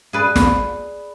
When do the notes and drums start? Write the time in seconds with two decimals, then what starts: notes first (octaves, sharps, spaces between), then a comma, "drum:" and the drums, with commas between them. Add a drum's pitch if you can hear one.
0.13 G#4 B4 D5
0.36 drum: snare